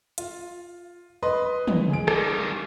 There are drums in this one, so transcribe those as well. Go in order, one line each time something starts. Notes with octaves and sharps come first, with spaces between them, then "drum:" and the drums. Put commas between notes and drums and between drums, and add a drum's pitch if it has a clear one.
F4, drum: hi-hat
B4 D#5 C6
drum: tom
G#4 D7
D#3 G3, drum: rim click